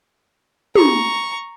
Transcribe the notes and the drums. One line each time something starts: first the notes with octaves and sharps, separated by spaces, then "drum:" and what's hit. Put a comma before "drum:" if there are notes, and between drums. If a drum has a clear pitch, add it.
A#5 C#6, drum: tom